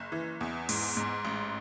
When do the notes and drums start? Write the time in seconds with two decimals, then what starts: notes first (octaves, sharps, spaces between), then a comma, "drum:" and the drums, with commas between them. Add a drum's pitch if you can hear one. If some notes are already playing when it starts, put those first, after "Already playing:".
Already playing: F#1
0.12 E3
0.41 E2
0.69 G#2, drum: open hi-hat
0.97 G#2
1.25 A1